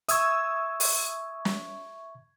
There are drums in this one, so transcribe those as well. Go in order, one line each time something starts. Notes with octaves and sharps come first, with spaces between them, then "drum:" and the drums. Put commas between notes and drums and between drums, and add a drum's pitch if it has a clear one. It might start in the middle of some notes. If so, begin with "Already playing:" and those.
E5 C#6 D#6 E6 G#6, drum: hi-hat
drum: open hi-hat
drum: snare